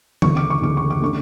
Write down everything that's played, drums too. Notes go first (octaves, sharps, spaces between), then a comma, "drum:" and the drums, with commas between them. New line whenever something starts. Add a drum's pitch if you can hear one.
D2 C#3 E3 C#6, drum: tom D#3
D6
C#6
D2 C#3 E3 D6
C#6
D6
D3 A3 C#4 C#6